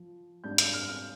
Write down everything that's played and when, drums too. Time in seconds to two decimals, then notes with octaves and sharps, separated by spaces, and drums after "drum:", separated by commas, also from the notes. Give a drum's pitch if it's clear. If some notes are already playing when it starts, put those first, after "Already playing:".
Already playing: F3
0.44 G#2 G3 D4 G6
0.58 G6, drum: hi-hat
0.74 F6
0.88 F6